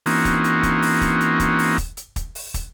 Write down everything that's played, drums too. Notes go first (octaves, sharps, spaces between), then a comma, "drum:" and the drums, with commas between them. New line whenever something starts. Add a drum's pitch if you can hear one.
E3 A#3 C4 C#4 D#4 F#4, drum: open hi-hat
drum: kick, hi-hat
drum: hi-hat
drum: kick, hi-hat
drum: open hi-hat
drum: kick, hi-hat
drum: hi-hat
drum: kick, hi-hat
drum: open hi-hat
drum: kick, hi-hat
drum: hi-hat
drum: kick, hi-hat
drum: open hi-hat
drum: kick, hi-hat